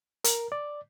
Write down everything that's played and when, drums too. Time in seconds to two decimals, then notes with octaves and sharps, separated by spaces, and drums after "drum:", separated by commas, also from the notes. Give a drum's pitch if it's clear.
0.24 A#4, drum: hi-hat
0.52 D5